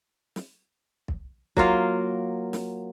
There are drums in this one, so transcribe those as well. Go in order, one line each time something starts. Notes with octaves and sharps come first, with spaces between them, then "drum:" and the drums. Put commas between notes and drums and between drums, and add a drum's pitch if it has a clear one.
drum: snare
drum: kick
F#3 A#3 F4 F5, drum: kick
drum: snare